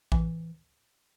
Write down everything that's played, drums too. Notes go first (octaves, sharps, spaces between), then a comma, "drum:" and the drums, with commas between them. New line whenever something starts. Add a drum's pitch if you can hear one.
E3, drum: kick